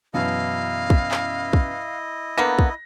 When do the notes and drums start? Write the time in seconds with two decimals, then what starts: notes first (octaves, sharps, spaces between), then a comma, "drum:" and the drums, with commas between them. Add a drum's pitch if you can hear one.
0.14 F#2 B2 E3 E4 D#5 F5
0.90 drum: kick
1.11 drum: clap
1.53 drum: kick
2.38 D3 A#3 B3 A#6
2.59 drum: kick